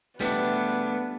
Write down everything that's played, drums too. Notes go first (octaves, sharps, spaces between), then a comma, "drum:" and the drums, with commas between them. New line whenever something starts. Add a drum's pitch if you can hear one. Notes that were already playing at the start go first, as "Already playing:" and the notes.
B2 E3 G3 A3 B3 D4, drum: open hi-hat